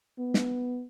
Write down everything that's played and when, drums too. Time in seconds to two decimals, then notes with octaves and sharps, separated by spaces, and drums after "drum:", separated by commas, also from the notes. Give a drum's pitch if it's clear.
0.19 B3
0.34 drum: snare